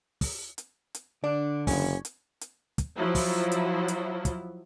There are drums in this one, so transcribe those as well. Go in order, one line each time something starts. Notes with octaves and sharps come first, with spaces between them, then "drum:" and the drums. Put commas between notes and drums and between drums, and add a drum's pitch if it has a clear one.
drum: kick, open hi-hat
drum: hi-hat
drum: hi-hat
D3 D4 D5
F#1 C#4, drum: kick, open hi-hat
drum: hi-hat
drum: hi-hat
drum: kick, hi-hat
F3 F#3 E4
drum: kick, open hi-hat
drum: hi-hat
drum: hi-hat
drum: kick, hi-hat